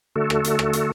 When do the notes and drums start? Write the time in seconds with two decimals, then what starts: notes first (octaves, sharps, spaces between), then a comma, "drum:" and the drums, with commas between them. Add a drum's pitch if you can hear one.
0.16 D3 A3 F#4 A4
0.30 drum: rim click
0.44 drum: hi-hat
0.59 drum: rim click
0.73 drum: hi-hat